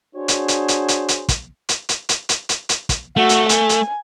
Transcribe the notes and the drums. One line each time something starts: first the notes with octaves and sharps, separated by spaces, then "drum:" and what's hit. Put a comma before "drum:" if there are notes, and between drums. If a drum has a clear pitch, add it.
D4 F#4 G#4 C5 C#5
drum: hi-hat
drum: hi-hat
drum: hi-hat
drum: hi-hat
drum: hi-hat
drum: kick, hi-hat
drum: hi-hat
drum: hi-hat
drum: hi-hat
drum: hi-hat
drum: hi-hat
drum: hi-hat
drum: kick, hi-hat
A3 F#4
drum: hi-hat
G#5, drum: hi-hat
drum: hi-hat